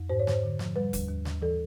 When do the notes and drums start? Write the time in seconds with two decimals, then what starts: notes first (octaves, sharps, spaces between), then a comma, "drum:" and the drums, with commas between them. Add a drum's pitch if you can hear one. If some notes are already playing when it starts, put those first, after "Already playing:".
Already playing: F2
0.09 G#2 C5
0.19 C#5
0.27 G#2 C5, drum: snare
0.43 D3
0.59 F3, drum: snare
0.76 G3 B4
0.93 D#2, drum: kick F1, hi-hat
1.09 D#2
1.25 D#2, drum: snare
1.42 E3 A4